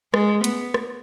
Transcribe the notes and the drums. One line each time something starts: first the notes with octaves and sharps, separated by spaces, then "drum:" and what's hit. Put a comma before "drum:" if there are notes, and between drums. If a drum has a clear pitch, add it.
G#3, drum: rim click
B3, drum: hi-hat
drum: rim click